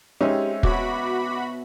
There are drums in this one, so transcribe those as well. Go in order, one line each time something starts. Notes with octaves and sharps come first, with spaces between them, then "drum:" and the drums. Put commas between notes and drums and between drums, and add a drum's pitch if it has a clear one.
G#3 C4 C#4 D#4 G4 E5
B2 F#4 C#5 B5 D6, drum: kick